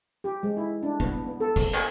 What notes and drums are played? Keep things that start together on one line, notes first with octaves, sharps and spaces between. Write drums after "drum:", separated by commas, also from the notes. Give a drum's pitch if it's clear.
G4
G#3
E4
D4
B3, drum: kick
B3
A4
drum: kick, open hi-hat
G#5, drum: clap